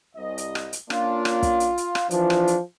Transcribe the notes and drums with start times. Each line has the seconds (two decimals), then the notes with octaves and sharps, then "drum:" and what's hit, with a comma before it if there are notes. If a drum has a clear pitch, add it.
0.16 C2 D#5
0.38 drum: hi-hat
0.55 drum: rim click
0.73 drum: hi-hat
0.90 A#3 C#4 D4 F4, drum: rim click
1.25 drum: rim click
1.43 drum: kick, hi-hat
1.60 drum: hi-hat
1.78 drum: hi-hat
1.95 drum: rim click
2.11 E3 F3 D4, drum: hi-hat
2.30 drum: rim click
2.47 drum: hi-hat